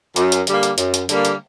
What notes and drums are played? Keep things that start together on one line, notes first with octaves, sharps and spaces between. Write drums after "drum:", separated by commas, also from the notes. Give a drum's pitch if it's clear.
F#2, drum: hi-hat
drum: hi-hat
D3 G3 A#3, drum: hi-hat
drum: hi-hat
F#2, drum: hi-hat
drum: hi-hat
D3 G3 A#3, drum: hi-hat
drum: hi-hat